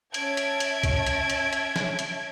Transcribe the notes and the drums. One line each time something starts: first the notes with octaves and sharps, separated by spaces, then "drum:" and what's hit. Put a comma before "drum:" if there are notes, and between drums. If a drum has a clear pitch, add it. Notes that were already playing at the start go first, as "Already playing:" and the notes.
C#4 E5 A5 G#6 D7, drum: hi-hat
drum: hi-hat
drum: hi-hat
drum: kick C2, hi-hat
drum: hi-hat
drum: hi-hat
drum: hi-hat
drum: snare
drum: hi-hat